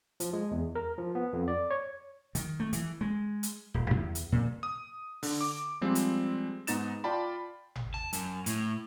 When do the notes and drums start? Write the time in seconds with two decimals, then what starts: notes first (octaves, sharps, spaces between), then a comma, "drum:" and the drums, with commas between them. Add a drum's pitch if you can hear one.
0.20 F3, drum: hi-hat
0.33 G#3
0.51 E2
0.75 A#4
0.98 F3
1.15 B3
1.33 F2
1.48 D5
1.71 C#5
2.35 D#3, drum: hi-hat
2.60 A3
2.73 E3, drum: hi-hat
3.01 G#3
3.43 drum: hi-hat
3.74 D#1
3.91 E2
4.15 drum: hi-hat
4.32 A#2
4.63 D#6
5.23 D3, drum: open hi-hat
5.41 D6
5.81 F3 G3 G#3 C4
5.95 drum: hi-hat
6.67 G#2 B3 D#4 A6 E7, drum: hi-hat
7.04 F4 D5 G5 A5 B5
7.75 drum: tom G#1
7.94 A5
8.13 F#2, drum: hi-hat
8.46 A2, drum: hi-hat